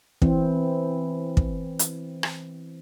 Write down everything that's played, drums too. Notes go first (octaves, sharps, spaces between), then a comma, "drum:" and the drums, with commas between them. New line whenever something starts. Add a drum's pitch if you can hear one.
E3 C4, drum: kick
drum: kick
drum: hi-hat
drum: rim click